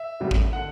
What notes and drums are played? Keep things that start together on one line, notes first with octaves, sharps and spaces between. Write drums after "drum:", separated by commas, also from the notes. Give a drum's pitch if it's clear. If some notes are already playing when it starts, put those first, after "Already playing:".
Already playing: E5
D2 C#3 G3
drum: kick
D3 F#5